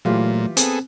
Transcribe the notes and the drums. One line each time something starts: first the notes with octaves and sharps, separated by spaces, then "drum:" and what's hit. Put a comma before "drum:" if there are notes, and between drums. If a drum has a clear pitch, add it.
A#2 E3 F#3 A3 F4 G4
B3 C4 G#4 A4, drum: hi-hat